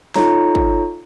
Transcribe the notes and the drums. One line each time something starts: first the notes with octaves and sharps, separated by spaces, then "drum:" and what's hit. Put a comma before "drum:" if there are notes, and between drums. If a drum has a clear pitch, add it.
D#4 F4 A4 C#5 A#5, drum: snare
drum: kick